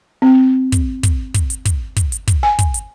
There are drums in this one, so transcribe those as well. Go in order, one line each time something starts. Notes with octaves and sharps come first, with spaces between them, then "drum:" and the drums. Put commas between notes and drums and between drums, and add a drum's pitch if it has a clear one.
C4
drum: kick, hi-hat
drum: kick, hi-hat
drum: kick, hi-hat
drum: hi-hat
drum: kick, hi-hat
drum: kick, hi-hat
drum: hi-hat
drum: kick, hi-hat
G#5
drum: kick, hi-hat
drum: hi-hat